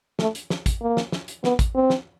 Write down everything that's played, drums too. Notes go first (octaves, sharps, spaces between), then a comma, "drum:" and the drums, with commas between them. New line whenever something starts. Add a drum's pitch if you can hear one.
A3, drum: snare
drum: hi-hat
drum: snare
drum: kick, hi-hat
A#3
drum: snare
drum: snare
drum: hi-hat
B3, drum: snare
drum: kick, hi-hat
C4
drum: snare